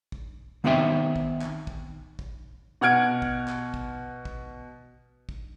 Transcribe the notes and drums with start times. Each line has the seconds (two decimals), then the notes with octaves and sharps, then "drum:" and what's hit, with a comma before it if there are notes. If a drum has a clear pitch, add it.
0.12 drum: kick
0.64 D#3 B3 C4 D#4 E5 G5
1.16 drum: kick
1.41 drum: clap
1.67 drum: kick
2.19 drum: kick
2.81 B2 F#5 F6 G#6 D7
3.22 drum: kick
3.48 drum: clap
3.74 drum: kick
4.25 drum: kick
5.29 drum: kick